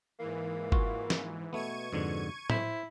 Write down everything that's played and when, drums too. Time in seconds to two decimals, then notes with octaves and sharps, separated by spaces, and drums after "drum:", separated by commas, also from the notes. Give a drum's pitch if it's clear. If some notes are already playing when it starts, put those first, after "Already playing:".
0.19 G#2 E3 A#3
0.72 F4 F#4, drum: kick G1
1.10 drum: snare
1.53 B2 A3 B3 C#6 G#6 D#7
1.93 F2 G#2 D3
2.50 E4 C5, drum: tom